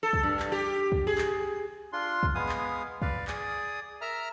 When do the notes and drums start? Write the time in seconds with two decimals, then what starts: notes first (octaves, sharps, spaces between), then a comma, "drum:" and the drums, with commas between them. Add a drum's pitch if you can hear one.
0.03 A4
0.13 drum: kick
0.23 G2
0.39 drum: clap
0.52 G4
0.92 drum: kick
1.07 G#4
1.18 drum: clap
1.93 D4 F4 C6
2.23 drum: kick
2.35 G#3 B3 F5 G#5 D#6
2.49 drum: clap
3.02 B4 D5 F5, drum: kick
3.28 G#4 D5 D#6, drum: clap
4.01 A#4 E5 A#5 F6